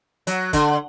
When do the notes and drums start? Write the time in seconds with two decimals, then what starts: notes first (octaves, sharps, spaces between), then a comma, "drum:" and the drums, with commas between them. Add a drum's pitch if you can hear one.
0.27 F#3, drum: hi-hat
0.53 D3, drum: kick, hi-hat